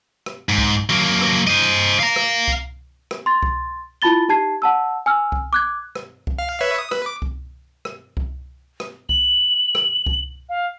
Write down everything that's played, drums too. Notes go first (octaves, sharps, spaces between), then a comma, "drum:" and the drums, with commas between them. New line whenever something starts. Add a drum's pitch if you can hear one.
drum: rim click
G#2
drum: kick C2
F#3 A#3
drum: rim click
C5 D#5
F5 A#5
drum: rim click
drum: kick C2
drum: rim click
C6 A6
drum: kick C2
E4 F4 A5 B5 A6 G7
D#4 G4 A5 G#6 C7
F#5 A5 E6
G#5 E6 F6
drum: kick C2
D6 F#6 G#6
drum: rim click
drum: kick C2
F5
B4 C#5 E5
D#6
B4, drum: rim click
D6
drum: kick C2
drum: rim click
drum: kick C2
drum: rim click
F#7, drum: kick C2
drum: rim click
drum: kick C2
F5